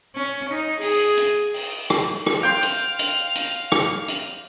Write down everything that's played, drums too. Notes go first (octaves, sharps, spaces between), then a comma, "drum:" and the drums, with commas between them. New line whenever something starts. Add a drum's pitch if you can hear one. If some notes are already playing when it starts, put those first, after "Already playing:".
C#4
D#4
G#4, drum: open hi-hat
drum: hi-hat
drum: open hi-hat
drum: rim click
drum: rim click
F5 G5 C6
drum: hi-hat
drum: hi-hat
drum: hi-hat
drum: rim click
drum: hi-hat